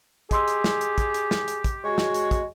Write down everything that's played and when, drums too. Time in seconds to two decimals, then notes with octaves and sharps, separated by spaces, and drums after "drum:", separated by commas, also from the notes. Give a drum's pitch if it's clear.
0.31 G4 G#4 D#5 C6 E6, drum: kick, hi-hat
0.48 drum: hi-hat
0.64 drum: snare
0.81 drum: hi-hat
0.98 drum: kick, hi-hat
1.14 drum: hi-hat
1.31 drum: snare
1.48 drum: hi-hat
1.64 drum: kick, hi-hat
1.85 G#3 F#4 C#5
1.98 drum: snare
2.14 drum: hi-hat
2.31 drum: kick, hi-hat